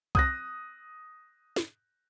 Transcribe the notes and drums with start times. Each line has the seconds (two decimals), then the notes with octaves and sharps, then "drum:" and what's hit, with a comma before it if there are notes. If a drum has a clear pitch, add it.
0.15 D#6 F#6 A#6, drum: kick C2
1.56 drum: snare